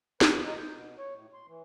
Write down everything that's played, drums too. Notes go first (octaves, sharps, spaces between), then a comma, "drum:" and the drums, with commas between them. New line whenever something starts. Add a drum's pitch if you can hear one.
B4, drum: snare
D#4
G6
B2
C#5
A2
C6
E3